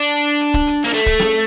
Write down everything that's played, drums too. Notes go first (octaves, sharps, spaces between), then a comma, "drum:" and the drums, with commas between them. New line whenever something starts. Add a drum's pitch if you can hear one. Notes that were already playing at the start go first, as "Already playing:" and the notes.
Already playing: D4
drum: hi-hat
drum: kick
drum: hi-hat
A#3
A3, drum: hi-hat
drum: kick
drum: snare